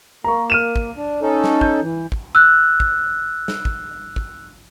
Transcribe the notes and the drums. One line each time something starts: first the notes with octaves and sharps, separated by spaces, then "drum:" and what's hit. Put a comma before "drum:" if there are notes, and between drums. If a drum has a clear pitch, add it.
A#3 A#5 C#6
F6 D#7 E7
drum: kick
D4
C#4 D#4 A4
drum: snare
G6, drum: kick
E3
drum: kick
E6 F#6
drum: kick
drum: snare
drum: kick
drum: kick